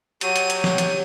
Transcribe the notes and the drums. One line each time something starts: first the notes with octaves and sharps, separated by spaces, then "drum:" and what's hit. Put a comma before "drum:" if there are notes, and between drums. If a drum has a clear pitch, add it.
F#3 G4 C#5 D#7, drum: hi-hat
drum: hi-hat
drum: hi-hat
drum: snare
drum: hi-hat